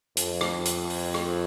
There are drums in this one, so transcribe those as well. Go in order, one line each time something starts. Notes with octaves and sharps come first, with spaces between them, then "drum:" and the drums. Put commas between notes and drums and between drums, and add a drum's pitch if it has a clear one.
F2, drum: hi-hat
drum: rim click
drum: hi-hat
drum: open hi-hat
drum: rim click